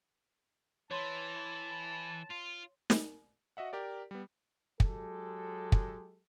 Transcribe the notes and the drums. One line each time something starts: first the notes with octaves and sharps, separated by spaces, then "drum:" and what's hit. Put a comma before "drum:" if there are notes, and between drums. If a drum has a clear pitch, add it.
E3 C#5 A5 C6
F4
drum: snare
F#4 D#5 E5 F#5
G4 A#4 D5
G3 B3
F#3 G#3 G4 A4, drum: kick
drum: kick